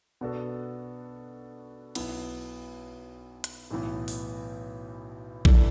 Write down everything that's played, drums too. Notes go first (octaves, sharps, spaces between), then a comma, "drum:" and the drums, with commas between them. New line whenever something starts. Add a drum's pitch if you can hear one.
B2 B3 D4 F#4 A4
B1 B2 B3 E4, drum: cymbal
drum: hi-hat
B1 A2 E3 B3
drum: open hi-hat
E2 E3 D4 A4, drum: kick A#1